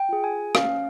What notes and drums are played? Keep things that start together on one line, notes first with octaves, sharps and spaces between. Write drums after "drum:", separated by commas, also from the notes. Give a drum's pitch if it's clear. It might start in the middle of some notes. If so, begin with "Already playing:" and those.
Already playing: G5
F4 G#4
G#5
C#4 F5, drum: rim click